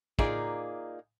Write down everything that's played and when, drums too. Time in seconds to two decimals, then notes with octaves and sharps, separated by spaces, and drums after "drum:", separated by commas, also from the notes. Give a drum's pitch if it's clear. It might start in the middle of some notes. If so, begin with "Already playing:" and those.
0.19 A#3 D#4 F4 G#4 D5, drum: kick